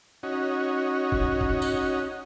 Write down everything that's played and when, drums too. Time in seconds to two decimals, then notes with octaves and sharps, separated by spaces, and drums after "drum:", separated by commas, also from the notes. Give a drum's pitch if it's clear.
0.23 C#4 D#4 F#4
1.12 drum: kick
1.41 drum: kick
1.62 drum: tambourine